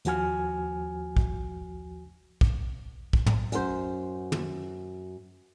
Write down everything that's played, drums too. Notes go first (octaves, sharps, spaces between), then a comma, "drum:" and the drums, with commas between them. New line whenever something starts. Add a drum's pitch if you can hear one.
D#2 F3 F#4 G#5 F6, drum: hi-hat
drum: kick
drum: kick
drum: kick
drum: tom
F#2 C5, drum: hi-hat
drum: tom